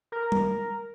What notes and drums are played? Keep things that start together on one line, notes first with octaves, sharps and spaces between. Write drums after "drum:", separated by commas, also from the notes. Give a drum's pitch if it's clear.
A#4
drum: tom